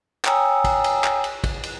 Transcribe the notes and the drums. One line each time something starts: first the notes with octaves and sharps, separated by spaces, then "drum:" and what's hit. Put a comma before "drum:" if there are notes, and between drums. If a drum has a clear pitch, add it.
C#5 G5 G#5 A#5 D#6 E6, drum: clap
drum: kick, cymbal
drum: cymbal
drum: clap
drum: cymbal
drum: kick, cymbal
drum: cymbal